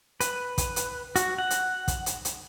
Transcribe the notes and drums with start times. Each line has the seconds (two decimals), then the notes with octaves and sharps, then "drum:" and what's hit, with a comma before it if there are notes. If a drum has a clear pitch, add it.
0.20 B4, drum: hi-hat
0.58 drum: kick, hi-hat
0.76 drum: hi-hat
1.16 F#4, drum: hi-hat
1.38 F#5
1.50 drum: hi-hat
1.88 drum: kick, hi-hat
2.06 drum: hi-hat
2.25 drum: hi-hat